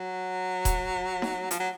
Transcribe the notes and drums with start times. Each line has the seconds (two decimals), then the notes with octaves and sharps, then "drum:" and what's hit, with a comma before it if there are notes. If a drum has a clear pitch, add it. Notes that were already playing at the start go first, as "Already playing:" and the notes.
Already playing: F#3
0.65 drum: kick D#1, hi-hat
1.22 drum: snare D#4
1.51 F3, drum: hi-hat
1.60 F#3